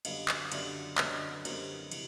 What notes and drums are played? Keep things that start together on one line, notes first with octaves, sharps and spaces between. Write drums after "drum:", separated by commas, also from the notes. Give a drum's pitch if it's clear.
F#2 D3 G3 B3 D#5 F5, drum: cymbal
drum: clap
F#2 D3 G3 B3 D5 E5, drum: cymbal
F#2 D3 G3 B3 C#5 D#5, drum: clap
F#2 D3 G3 B3 A#4 C5, drum: cymbal
C3 E3, drum: cymbal